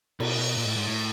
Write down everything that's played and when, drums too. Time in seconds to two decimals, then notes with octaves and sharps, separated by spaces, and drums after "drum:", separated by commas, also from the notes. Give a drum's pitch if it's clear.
0.20 B2, drum: cymbal
0.38 B2
0.57 A#2
0.67 A2
0.76 G#2
0.85 A2